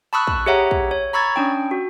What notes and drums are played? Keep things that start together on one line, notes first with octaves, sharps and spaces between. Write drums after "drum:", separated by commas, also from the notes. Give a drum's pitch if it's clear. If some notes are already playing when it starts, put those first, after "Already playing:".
A5 B5 C#6 D#6 E6 F#6
drum: kick
G4 G#4 C#5 E5 F#5 A#5
drum: kick
C#5
A#5 B5 C#6 E6 G#6 A6
C#4 D4 G5
F#4